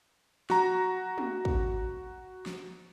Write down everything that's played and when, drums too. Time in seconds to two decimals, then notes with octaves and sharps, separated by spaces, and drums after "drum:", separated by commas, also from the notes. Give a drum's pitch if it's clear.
0.50 F#4 A#5, drum: snare
1.18 drum: tom
1.45 drum: kick
2.46 drum: snare